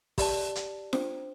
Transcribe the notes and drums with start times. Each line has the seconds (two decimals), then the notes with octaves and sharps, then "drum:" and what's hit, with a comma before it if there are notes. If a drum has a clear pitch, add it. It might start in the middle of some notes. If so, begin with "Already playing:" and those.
0.18 G4 D5 A5, drum: kick, open hi-hat
0.55 drum: hi-hat
0.93 D4 C5 G5, drum: snare F4